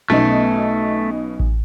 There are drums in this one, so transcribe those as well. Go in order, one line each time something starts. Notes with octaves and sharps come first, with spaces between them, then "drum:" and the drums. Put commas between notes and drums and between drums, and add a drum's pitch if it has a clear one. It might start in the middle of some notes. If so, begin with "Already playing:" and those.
B1 B2 A3 B3 C#4 D#4
drum: kick A1